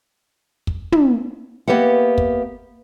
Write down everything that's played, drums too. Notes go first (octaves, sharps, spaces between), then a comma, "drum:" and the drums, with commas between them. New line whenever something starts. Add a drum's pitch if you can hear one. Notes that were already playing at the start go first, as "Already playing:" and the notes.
drum: kick
drum: tom
A#3 B3 G4 B4 E5 F#5
drum: kick